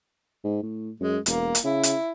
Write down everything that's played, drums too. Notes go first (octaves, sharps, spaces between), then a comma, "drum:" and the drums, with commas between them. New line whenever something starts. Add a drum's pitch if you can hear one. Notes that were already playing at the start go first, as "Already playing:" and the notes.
G#2
A2
F#2 G#3
E1 A#3, drum: hi-hat
drum: hi-hat
C#3 E4
drum: hi-hat